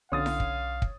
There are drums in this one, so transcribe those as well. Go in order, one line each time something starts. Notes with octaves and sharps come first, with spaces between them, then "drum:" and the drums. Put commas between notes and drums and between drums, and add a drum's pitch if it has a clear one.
B1 D3 C#4 C#5 F5 D#6 A6
drum: snare E4
drum: kick
drum: kick